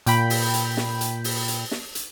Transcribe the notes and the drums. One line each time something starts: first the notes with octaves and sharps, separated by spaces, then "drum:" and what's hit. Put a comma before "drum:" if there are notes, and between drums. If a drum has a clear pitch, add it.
A#2 G5 B5, drum: hi-hat
drum: open hi-hat
drum: hi-hat
drum: snare
drum: hi-hat
drum: open hi-hat
drum: hi-hat
drum: snare
drum: hi-hat